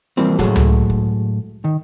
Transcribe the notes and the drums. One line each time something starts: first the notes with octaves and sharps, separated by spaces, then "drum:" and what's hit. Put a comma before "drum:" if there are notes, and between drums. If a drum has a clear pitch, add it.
E3 F3 G3 A#3 C4
A2 F#3 G#3 F#4 G#4 A4, drum: kick
drum: tom C#2
drum: kick
D#3